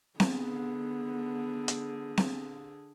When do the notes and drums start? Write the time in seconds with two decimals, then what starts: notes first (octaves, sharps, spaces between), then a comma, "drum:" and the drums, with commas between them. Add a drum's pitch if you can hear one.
0.20 D3 B3 G#4, drum: snare C4
1.68 drum: hi-hat
2.17 drum: snare C4